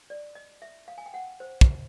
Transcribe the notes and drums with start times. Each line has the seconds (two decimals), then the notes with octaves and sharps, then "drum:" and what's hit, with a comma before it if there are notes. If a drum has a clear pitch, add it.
0.10 D5
0.35 D#5
0.62 E5
0.88 F5
0.98 G#5
1.06 G5
1.14 F#5
1.40 C5
1.61 drum: kick